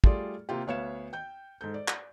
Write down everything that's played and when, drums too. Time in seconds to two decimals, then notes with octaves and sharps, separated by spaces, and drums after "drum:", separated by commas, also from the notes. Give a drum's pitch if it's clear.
0.04 G3 A3 F4 G#4 D5, drum: kick
0.49 C3 A#3 F4 G4
0.67 D2 B3 C#5 F5 E7
1.13 G5 G6
1.61 G#2 A4 G6
1.74 D5
1.88 drum: clap